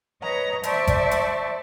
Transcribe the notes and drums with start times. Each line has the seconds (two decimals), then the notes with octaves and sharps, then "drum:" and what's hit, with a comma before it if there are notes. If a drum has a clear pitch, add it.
0.21 B4 C#5 D#5 A#5
0.63 C5 D5 E5 A5 C#6, drum: hi-hat
0.87 drum: kick G#1, hi-hat
1.11 drum: hi-hat